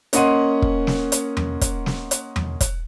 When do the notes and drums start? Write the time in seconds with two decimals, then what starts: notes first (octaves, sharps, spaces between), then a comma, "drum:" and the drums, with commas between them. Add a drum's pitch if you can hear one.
0.13 A#3 C#4 D#5 F#5 C6 D#7, drum: hi-hat
0.62 drum: kick
0.87 drum: snare
1.12 drum: hi-hat
1.37 drum: tom E2
1.61 drum: kick, hi-hat
1.86 drum: snare
2.11 drum: hi-hat
2.36 drum: tom E2
2.61 drum: kick, hi-hat